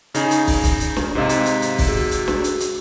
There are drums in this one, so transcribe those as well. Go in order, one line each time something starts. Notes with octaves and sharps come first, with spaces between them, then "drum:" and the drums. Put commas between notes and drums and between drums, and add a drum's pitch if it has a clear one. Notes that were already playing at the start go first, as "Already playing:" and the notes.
C#3 D#4 G#4, drum: hi-hat
drum: hi-hat
drum: kick, open hi-hat
drum: kick, hi-hat
drum: hi-hat
drum: snare
G#2 C3 G4 D#5 F5
drum: hi-hat
drum: hi-hat
drum: hi-hat
drum: kick, open hi-hat
F#4 G#4 E6
drum: hi-hat
drum: snare
drum: hi-hat
drum: hi-hat